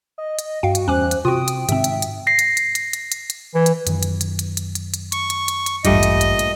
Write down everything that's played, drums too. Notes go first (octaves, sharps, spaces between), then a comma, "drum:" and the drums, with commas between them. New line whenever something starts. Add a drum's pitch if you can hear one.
D#5
drum: hi-hat
G2 F#4 F5 G5
drum: hi-hat
E2 G3 C#4 C5 G#5 D6 F#6
drum: hi-hat
C3 F4 F#4 G5 D#6
drum: hi-hat
G#2 C3 D#3 C4 E5, drum: hi-hat
drum: hi-hat
drum: hi-hat
A#6 C7
drum: hi-hat
drum: hi-hat
drum: hi-hat
drum: hi-hat
drum: hi-hat
drum: hi-hat
E3
drum: hi-hat
F#2 D#3, drum: hi-hat
drum: hi-hat
drum: hi-hat
drum: hi-hat
drum: hi-hat
drum: hi-hat
drum: hi-hat
C#6, drum: hi-hat
drum: hi-hat
drum: hi-hat
drum: hi-hat
D#1 A1 G2 A#2 G3 A3 D#5, drum: hi-hat
drum: hi-hat
drum: hi-hat
drum: hi-hat